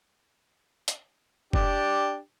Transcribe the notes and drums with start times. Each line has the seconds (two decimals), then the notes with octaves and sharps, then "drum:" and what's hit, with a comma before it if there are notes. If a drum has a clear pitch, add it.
0.88 drum: hi-hat
1.53 D4 G4, drum: kick F1